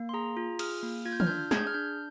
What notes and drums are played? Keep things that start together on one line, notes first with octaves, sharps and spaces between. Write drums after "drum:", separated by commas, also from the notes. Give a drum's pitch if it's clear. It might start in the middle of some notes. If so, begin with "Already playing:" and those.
Already playing: A#3
C6
G#4 A#5
F4
G#4 F6, drum: cymbal
A#3
F4 G#6
G6
F6, drum: tom
D4 G6
G#4 G#6, drum: snare
G6
F6
D4 G6